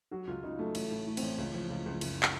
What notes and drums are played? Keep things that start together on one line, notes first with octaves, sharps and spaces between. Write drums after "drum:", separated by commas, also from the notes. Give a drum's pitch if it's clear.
F#3 F#4
C#2 F4
C#3 D#4
F#3 A3
A1 A3, drum: cymbal
A2
A2
C4, drum: cymbal
A1
C#2
F3
C#2
C#2
F#1, drum: cymbal
drum: clap